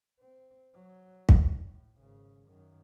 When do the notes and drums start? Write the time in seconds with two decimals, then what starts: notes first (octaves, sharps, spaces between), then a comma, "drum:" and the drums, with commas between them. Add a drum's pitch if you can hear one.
0.20 C4
0.75 F#3
1.29 drum: kick
1.65 A2
1.98 G#1 C#3
2.46 F#2 D#3